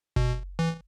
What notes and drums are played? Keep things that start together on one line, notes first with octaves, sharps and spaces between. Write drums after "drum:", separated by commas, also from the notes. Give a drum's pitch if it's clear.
B2, drum: kick F#1
E3